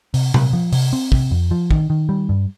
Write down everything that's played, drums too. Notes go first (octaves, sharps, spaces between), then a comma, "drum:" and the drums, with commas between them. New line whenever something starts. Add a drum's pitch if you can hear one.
C3, drum: open hi-hat
C3, drum: tom A#2
F3
C3, drum: open hi-hat
C4
C3, drum: kick
F2
F3
D#3, drum: kick
D#3
G3
G2